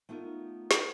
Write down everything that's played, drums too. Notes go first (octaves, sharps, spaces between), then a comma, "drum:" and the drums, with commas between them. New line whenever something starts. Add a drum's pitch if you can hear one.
A3 B3 D#4 F4 A4 A#4
drum: snare